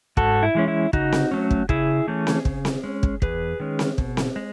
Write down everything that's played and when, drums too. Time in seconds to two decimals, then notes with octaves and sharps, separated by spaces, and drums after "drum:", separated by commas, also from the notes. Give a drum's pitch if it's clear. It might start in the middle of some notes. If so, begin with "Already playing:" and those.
0.17 G#2 F#4 A4, drum: kick
0.43 E4
0.55 E3 G#3 C#4
0.68 E4
0.93 C#3 D#4 F#4, drum: kick
1.12 drum: snare C4
1.31 F#3 A3 C#4
1.51 drum: kick
1.69 C#3 E4 G#4, drum: kick
2.08 E3 A3 C#4
2.27 drum: snare C4
2.45 C#3, drum: kick
2.65 drum: snare C4
2.84 G#3 C#4
3.03 drum: kick
3.22 E2 G#4 B4, drum: kick
3.60 D#3 G#3 C#4
3.79 drum: snare C4
3.98 B2, drum: kick
4.17 drum: snare C4
4.36 G#3